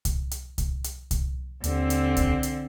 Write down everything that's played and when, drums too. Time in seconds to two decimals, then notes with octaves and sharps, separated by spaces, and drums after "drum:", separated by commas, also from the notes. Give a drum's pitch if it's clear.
0.05 drum: kick C2, hi-hat
0.31 drum: hi-hat
0.58 drum: kick C2, hi-hat
0.84 drum: hi-hat
1.11 drum: kick C2, hi-hat
1.64 D#2 D3 C4, drum: hi-hat
1.90 drum: hi-hat
2.17 drum: kick C2, hi-hat
2.43 drum: hi-hat